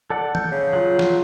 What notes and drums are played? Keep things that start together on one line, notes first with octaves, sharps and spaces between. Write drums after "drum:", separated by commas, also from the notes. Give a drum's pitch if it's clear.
A4 D5 F#5
G6, drum: tom
C#3
F#3 F4
drum: snare